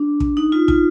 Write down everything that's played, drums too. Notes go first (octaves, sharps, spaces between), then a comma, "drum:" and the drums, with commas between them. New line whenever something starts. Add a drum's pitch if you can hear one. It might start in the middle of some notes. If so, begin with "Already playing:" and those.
Already playing: D4
drum: kick
D#4
F4
F4, drum: kick